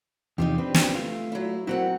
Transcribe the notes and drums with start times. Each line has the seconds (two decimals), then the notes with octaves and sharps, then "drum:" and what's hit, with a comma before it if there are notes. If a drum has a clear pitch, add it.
0.38 E2 C3 F3 D#4 F4 G4
0.58 C4 D4 G4 B4
0.74 drum: snare
0.95 A3 F4
1.32 F#3 E4
1.67 F#3 C4 E4 F#4 A#4 F#5